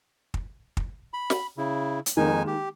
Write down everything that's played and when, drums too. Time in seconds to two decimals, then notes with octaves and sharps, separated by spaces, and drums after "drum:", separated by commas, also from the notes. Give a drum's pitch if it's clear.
0.34 drum: kick
0.77 drum: kick
1.14 B5
1.30 drum: snare
1.58 C#3 E4
2.06 drum: hi-hat
2.17 F2 D#3 G#3 A#3 D#4 G#5
2.47 G4